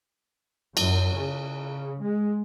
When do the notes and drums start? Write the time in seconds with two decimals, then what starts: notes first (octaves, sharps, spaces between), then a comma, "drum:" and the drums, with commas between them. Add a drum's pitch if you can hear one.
0.77 F#2, drum: cymbal
1.15 C#3
2.01 G#3